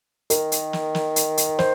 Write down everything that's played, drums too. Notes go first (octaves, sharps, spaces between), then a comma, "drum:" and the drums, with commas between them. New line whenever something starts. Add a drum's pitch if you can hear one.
D#3 A#4, drum: hi-hat
drum: hi-hat
drum: snare
drum: snare
drum: hi-hat
drum: hi-hat
C5, drum: snare